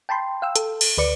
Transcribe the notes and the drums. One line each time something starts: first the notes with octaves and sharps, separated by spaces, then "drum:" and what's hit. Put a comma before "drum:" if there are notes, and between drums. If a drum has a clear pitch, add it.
G5 A5 B5 C6
F5 G5 E6
A4, drum: hi-hat
drum: cymbal
D2 B4 D5 C#7